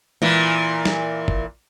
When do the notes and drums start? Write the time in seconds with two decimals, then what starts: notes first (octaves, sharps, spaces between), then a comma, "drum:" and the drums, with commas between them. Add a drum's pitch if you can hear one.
0.22 A#2 E3, drum: tom G#3
0.85 drum: snare
1.28 drum: kick